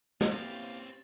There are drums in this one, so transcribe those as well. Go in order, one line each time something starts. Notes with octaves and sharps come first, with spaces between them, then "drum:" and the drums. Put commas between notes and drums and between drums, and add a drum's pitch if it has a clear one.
E3 A#3 C4 C#4 G4 F5 A6, drum: snare